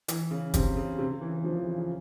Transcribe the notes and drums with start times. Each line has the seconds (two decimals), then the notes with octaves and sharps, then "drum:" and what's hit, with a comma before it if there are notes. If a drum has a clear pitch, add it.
0.08 E3, drum: hi-hat
0.31 C#3
0.54 C3, drum: kick, hi-hat
0.77 C#3
0.98 C3
1.10 C#3
1.21 E3
1.32 E3
1.44 F3
1.55 E3
1.66 C#3
1.77 C#3